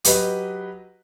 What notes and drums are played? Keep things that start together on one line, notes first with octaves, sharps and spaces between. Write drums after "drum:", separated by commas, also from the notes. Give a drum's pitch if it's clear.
F#3 G4 B4 D#5, drum: hi-hat